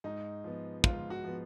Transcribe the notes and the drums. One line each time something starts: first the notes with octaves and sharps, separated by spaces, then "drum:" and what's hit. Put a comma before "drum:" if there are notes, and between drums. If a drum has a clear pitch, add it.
G#2 D#4
F3 B3
G#2 F4, drum: kick
F#4
F3 B3